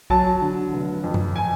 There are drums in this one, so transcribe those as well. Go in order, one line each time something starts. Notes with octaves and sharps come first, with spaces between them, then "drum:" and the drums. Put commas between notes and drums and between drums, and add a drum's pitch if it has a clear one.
F#3 A5, drum: kick
D3
F1
F2
drum: tom F#2
G#5